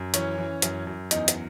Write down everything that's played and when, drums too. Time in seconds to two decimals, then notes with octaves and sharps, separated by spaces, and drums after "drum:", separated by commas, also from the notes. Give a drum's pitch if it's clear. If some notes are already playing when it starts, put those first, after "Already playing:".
Already playing: F#2
0.14 E3 C#4 C#5, drum: hi-hat
0.38 E3
0.62 F#2, drum: hi-hat
0.87 F#2
1.11 E2 D#4 D#5, drum: hi-hat
1.28 drum: hi-hat